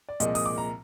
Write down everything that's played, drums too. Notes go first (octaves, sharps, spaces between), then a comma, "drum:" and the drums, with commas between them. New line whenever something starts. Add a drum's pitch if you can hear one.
D5
C2 A#2 F3 G#3 D#5, drum: hi-hat
D#6, drum: open hi-hat
D6
A#5